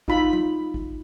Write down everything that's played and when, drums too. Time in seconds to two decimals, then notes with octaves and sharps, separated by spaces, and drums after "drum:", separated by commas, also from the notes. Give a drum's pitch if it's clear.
0.08 D#4 F4 B5, drum: kick G#1
0.33 drum: tom
0.74 drum: kick G#1